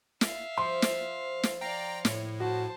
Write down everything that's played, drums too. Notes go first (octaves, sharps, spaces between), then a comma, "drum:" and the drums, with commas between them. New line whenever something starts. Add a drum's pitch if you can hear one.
E5 F5, drum: snare
F3 C6
drum: snare
drum: snare
D5 F5 G5 A#5 A#6
A2 C#5, drum: snare
F#4 C5 A5